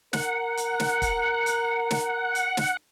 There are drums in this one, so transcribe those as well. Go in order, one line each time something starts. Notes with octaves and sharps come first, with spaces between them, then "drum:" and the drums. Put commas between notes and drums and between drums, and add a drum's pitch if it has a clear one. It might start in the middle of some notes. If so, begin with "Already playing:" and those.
A#4 F#5, drum: snare
drum: hi-hat
drum: snare
drum: kick, hi-hat
drum: hi-hat
drum: snare
drum: hi-hat
drum: snare